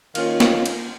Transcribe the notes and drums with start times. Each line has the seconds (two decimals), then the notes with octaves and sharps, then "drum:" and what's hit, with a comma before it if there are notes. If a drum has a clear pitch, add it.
0.15 D#3 A#3 C#4 F4 F5, drum: cymbal
0.40 drum: snare
0.66 drum: cymbal